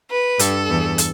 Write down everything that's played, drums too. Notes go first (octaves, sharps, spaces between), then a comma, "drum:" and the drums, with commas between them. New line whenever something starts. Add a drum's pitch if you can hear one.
B4
G2 A4, drum: hi-hat
E2
drum: hi-hat